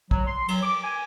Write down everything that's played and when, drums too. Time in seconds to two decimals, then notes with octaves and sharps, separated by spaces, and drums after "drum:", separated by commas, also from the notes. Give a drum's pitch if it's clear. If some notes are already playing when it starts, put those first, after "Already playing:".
0.11 F#3, drum: kick A#1
0.27 C6
0.48 F#3, drum: cymbal
0.63 D6
0.84 G#5